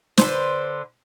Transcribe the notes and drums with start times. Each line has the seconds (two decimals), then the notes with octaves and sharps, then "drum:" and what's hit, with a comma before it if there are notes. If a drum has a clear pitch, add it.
0.18 D3 B4 C5, drum: snare